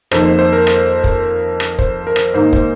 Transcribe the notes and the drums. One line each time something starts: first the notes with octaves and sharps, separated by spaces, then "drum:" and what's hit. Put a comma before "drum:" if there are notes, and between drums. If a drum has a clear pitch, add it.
F2 D#3 A#3 D#4 C5, drum: rim click
C5
C5
A#4
drum: rim click
drum: kick
drum: rim click
C5, drum: kick
A#4
drum: rim click
G#2 D#3 A#3 D#4 C5
C5, drum: kick